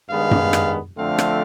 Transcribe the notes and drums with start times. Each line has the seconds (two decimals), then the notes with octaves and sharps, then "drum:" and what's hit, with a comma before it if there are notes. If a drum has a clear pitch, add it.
0.09 G2 D#3 G#3 B3 F5
0.31 drum: tom F#2
0.53 drum: rim click
0.97 D3 F3 A3 C4 F5
1.18 drum: rim click